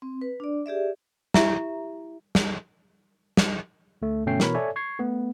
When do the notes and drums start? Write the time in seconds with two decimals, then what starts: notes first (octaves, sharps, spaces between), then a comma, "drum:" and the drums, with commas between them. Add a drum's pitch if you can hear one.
0.02 C4
0.21 B4
0.40 D4 D5
0.66 G4 G#4 D5 E5
1.34 E4 G4 E5 A#5, drum: snare
2.35 drum: snare
3.37 drum: snare
4.02 D2 A3
4.26 G1 B2 A3 C#4 G5 C7
4.40 B2 E3 A#4 C#5 B5, drum: snare
4.55 A4 C#5 D5 E5 G#5
4.76 C#6 G#6 C7
4.99 A3 B3